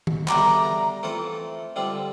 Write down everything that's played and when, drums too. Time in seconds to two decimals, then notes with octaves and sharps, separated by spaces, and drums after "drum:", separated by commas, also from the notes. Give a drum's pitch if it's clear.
0.07 drum: tom
0.28 E2 D3 G3 D4 G4 A#5, drum: clap
1.03 E3 A3 C4 F4 A4
1.76 D3 G3 C4 F4 G5